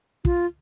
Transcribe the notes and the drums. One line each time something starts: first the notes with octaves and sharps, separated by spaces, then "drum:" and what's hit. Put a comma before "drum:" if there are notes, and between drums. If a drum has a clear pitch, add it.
F4, drum: kick